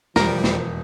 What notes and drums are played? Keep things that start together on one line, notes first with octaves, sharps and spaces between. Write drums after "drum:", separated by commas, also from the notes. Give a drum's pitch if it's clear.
E1 F3 G3 A#4, drum: snare
drum: snare